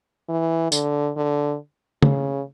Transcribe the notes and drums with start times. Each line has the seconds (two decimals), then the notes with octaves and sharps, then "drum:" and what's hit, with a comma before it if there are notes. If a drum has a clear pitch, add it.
0.29 E3
0.72 D3, drum: tambourine
1.16 D3
2.02 C#3, drum: tom C#3